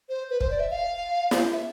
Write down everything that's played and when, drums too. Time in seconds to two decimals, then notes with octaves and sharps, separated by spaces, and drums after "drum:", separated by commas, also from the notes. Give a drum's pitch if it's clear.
0.09 C5
0.30 B4
0.41 C5, drum: kick
0.51 D5
0.60 E5
0.71 F5
1.31 drum: snare
1.52 E5